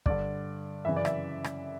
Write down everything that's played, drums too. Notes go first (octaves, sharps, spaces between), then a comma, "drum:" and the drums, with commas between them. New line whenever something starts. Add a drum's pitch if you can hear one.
G2 D3 D5, drum: kick
F#2 C#3 E3 E5
D5
E5, drum: rim click
drum: rim click